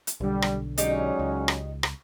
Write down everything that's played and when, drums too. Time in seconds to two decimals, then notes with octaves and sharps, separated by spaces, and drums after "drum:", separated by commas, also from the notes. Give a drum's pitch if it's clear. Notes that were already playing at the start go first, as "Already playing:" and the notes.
0.07 drum: hi-hat
0.21 B1 D3 G3
0.42 drum: rim click
0.78 F#3 G#3 C#4 D#4 G4 D5, drum: hi-hat
1.19 C#2
1.48 drum: rim click
1.83 drum: rim click